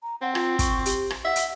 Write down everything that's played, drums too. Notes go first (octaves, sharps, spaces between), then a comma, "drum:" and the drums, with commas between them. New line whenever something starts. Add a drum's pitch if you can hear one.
A#5
C4 F#5
F4, drum: rim click
C#6, drum: kick, hi-hat
G4, drum: hi-hat
drum: rim click
E5 F#5
drum: hi-hat